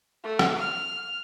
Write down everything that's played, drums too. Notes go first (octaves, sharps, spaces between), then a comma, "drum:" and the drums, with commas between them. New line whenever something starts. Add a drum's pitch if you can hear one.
A3
drum: rim click
F6